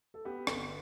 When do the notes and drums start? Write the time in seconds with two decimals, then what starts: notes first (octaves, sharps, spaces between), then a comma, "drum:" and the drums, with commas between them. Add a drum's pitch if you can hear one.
0.14 A4
0.25 B3 G4
0.47 G1, drum: rim click